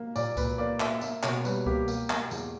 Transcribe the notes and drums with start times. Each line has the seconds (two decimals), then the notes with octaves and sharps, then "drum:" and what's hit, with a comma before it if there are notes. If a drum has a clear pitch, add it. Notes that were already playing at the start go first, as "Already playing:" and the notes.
Already playing: A#3
0.16 A#2 D5, drum: tambourine
0.37 A#2 B4, drum: kick C#2, tambourine
0.58 A#3 D5
0.80 A#3 E5, drum: clap
1.01 A#3 E5, drum: tambourine
1.23 B2 C#5, drum: clap
1.45 G3 B4, drum: tambourine
1.66 A#3 G4, drum: kick C#2
1.88 A#3, drum: tambourine
2.10 A#3, drum: clap
2.31 E2, drum: tambourine